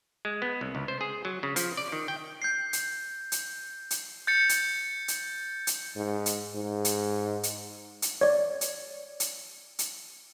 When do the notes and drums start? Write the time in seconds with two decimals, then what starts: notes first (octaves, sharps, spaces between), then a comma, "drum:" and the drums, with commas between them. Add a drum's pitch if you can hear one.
0.25 G#3
0.42 B3
0.61 C2
0.75 C#2
0.88 C5
1.01 G#4
1.25 F#3
1.43 C#3
1.56 F3, drum: hi-hat
1.77 D5
1.92 D#3
2.08 G5
2.42 G6 C7
2.73 drum: hi-hat
3.32 drum: hi-hat
3.91 drum: hi-hat
4.27 G6 A6 C#7
4.49 drum: hi-hat
5.08 drum: hi-hat
5.67 drum: hi-hat
5.96 G#2
6.26 drum: hi-hat
6.55 G#2
6.85 drum: hi-hat
7.43 drum: hi-hat
8.02 drum: hi-hat
8.21 C#5 D5
8.61 drum: hi-hat
9.20 drum: hi-hat
9.79 drum: hi-hat